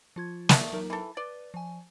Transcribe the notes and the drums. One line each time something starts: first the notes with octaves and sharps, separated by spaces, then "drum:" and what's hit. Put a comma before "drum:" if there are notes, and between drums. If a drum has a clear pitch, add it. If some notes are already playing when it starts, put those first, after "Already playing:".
F3 F4 G#6
A3 D5 A5, drum: snare
F#3 D#4 A#4
E3 A4
B4 D5 A6
F3 G#5